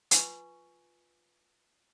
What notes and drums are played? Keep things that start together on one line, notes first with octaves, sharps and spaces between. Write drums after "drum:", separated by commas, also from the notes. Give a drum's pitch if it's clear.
F4 B4 G#5 C#6, drum: hi-hat